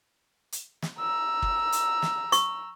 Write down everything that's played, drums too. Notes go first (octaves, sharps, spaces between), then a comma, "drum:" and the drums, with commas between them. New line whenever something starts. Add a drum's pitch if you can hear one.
drum: hi-hat
drum: snare
A#5 E6
drum: kick
drum: hi-hat
drum: snare
C#6, drum: hi-hat